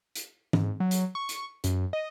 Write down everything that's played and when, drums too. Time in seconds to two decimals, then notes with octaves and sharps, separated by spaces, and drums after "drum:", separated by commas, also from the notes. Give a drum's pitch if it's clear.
0.16 drum: hi-hat
0.53 G#2, drum: tom E3
0.80 F#3
0.91 drum: hi-hat
1.15 C#6
1.29 drum: hi-hat
1.64 F#2, drum: hi-hat
1.93 D#5